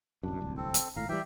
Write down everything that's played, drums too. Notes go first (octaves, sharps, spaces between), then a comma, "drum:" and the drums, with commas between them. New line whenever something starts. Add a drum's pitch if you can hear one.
D1 C2 F#2 D4
D1 C2
C4 A4
drum: hi-hat
G#1 A2 F5 A#5
E3 F3 G3 G4 E5 G5